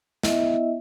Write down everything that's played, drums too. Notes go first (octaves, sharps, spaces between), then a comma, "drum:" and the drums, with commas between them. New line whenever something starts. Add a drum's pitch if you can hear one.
B3 E4 D#5 E5, drum: snare